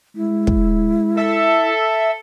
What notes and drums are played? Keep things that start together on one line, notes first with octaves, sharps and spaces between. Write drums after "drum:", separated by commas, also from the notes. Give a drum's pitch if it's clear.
G#3 E4
drum: kick
A4 E5